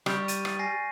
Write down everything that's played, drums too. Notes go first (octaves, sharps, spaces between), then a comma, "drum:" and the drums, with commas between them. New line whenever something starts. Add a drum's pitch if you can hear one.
G3 C#6 F6 G6, drum: rim click
A6 D#7, drum: hi-hat
drum: rim click
G#5 A#6 C7